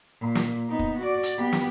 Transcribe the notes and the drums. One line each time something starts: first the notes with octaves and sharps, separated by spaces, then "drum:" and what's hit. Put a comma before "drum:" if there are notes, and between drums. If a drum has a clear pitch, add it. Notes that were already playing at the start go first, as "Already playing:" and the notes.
A#2
drum: snare
B3 D#4
drum: kick
F#4 D5
drum: hi-hat
B3 G4
drum: snare